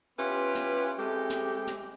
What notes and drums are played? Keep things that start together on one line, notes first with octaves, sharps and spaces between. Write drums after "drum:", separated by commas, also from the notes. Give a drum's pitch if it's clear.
B3 C#4 E4 F4 G4 B4
drum: hi-hat
G#3 C4 E4 G4 A4
drum: hi-hat
drum: hi-hat